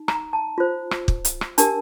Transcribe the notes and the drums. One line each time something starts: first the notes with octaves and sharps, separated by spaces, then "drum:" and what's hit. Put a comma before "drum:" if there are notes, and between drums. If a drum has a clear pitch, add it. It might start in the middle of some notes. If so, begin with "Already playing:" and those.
Already playing: D#4
A#5, drum: rim click
A5
F4 C5
drum: rim click
drum: kick
drum: hi-hat
drum: rim click
D4 G4 A#4 A5, drum: hi-hat